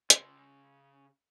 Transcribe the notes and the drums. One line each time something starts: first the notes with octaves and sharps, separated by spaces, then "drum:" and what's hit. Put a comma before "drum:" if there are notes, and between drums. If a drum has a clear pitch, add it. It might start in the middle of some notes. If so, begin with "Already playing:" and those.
C#3 C6, drum: hi-hat